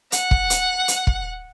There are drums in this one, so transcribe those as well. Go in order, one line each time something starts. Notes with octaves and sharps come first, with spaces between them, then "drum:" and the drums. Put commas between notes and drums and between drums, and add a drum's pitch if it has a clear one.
F#5, drum: hi-hat
drum: kick
drum: hi-hat
drum: hi-hat
drum: kick